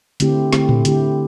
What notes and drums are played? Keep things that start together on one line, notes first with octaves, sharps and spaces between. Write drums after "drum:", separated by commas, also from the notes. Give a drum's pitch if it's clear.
D3 A3 C4 E4 G4, drum: hi-hat
D3 A3 C4 E4 G4, drum: snare
drum: tom A2
D3 A3 C4 E4 G4, drum: hi-hat